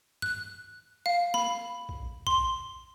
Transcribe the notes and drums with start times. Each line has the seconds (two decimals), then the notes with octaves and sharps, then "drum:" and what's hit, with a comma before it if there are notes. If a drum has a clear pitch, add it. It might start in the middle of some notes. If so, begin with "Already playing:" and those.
0.22 F#6, drum: tom G2
1.06 F5
1.34 B5, drum: snare
1.89 drum: kick A#1
2.27 C6, drum: kick A#1